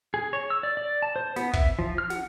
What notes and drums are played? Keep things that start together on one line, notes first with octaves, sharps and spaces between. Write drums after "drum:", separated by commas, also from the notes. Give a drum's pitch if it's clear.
G#4
C#5
E6
D5
D5
A5
C5
B3, drum: snare
E5, drum: kick
F3
F6
F#5, drum: snare